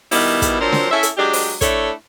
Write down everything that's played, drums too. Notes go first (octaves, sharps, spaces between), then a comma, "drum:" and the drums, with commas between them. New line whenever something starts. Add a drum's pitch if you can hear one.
B2 D#3 G3 B3 E4, drum: open hi-hat
drum: kick, hi-hat
F3 F#3 C4 D4 A#4
drum: snare
C#4 E4 A4 E5
drum: hi-hat
F#3 G#3 D4 G4
drum: open hi-hat
A3 D4 E4 A4 C#5, drum: kick, hi-hat